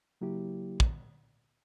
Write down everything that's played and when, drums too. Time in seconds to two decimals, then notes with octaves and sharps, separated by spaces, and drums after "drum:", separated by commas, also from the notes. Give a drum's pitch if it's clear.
0.21 C#3 F#3 A#3 E4 G4
0.80 drum: kick